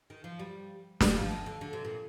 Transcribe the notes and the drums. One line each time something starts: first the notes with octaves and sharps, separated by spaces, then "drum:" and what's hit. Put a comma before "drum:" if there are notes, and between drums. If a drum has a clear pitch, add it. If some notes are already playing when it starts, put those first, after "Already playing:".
D#3
F3
G3
G3, drum: snare
D#3
F3
D#3
D3
D3
C3
A#2